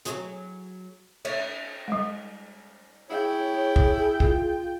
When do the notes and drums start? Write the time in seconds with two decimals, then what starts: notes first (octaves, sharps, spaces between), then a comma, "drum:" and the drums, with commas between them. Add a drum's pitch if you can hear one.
0.05 F#3 G#4, drum: hi-hat
1.25 C#5 E5, drum: cymbal
1.88 G3 G#3
3.10 E4 G#4 C#5 G5
3.76 drum: kick
4.20 F4, drum: kick